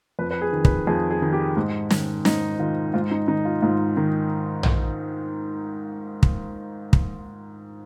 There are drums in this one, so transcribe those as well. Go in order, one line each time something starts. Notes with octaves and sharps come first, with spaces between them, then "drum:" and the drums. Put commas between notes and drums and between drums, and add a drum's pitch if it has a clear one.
F2 B4
B4
G#4
D#3
B4, drum: kick
F2 G#4
G#4
D#3
G4
G#2
D#3, drum: snare
G#2 D#4, drum: snare
D#3 F4
G#2 F4
D#4
D#3 D#4
F4
G#2 F4
D#3 D#4
drum: tom A#1
drum: kick
drum: kick